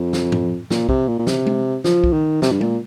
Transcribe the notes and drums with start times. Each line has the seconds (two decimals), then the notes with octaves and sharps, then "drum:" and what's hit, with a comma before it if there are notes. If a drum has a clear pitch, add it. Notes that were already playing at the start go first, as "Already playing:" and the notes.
Already playing: F2
0.13 drum: snare
0.32 drum: tom G#2
0.70 A#2, drum: snare
0.89 C3, drum: kick
1.08 A#2
1.19 A#2
1.27 C3, drum: snare
1.46 drum: tom G#3
1.84 F3, drum: snare
2.04 drum: kick
2.13 D#3
2.42 C3, drum: snare
2.51 G2
2.61 A#2, drum: tom G#3